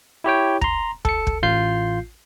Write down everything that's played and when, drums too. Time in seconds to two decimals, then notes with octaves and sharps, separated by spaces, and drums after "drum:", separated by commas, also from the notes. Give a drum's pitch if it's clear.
0.24 E4 G4 C#5 G5
0.61 A#5 C6, drum: kick
1.05 A4 C#7, drum: kick
1.27 drum: kick
1.43 A1 F4 G6 C7